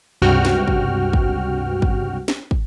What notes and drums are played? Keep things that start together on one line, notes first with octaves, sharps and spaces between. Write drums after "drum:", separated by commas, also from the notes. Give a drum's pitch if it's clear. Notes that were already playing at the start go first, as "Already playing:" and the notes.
C#2 G2 C3 F#4 G5 F6
drum: snare
drum: kick
drum: kick
drum: kick
drum: snare
drum: kick